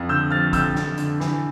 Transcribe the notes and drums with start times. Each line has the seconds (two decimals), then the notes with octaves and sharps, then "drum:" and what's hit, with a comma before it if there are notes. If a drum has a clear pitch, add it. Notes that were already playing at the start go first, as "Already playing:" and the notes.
Already playing: F2
0.09 D3 E6 G6
0.31 F3 F6 A6
0.53 F2 E6 G6, drum: kick G#1, hi-hat
0.75 F2, drum: snare
0.97 D3, drum: hi-hat
1.20 E3, drum: snare